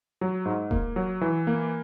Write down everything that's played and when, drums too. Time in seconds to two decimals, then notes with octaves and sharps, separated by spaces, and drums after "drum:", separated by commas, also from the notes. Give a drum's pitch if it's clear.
0.21 F#3
0.46 G#2
0.71 A#3, drum: kick D#1
0.96 F#3
1.21 E3
1.47 A#3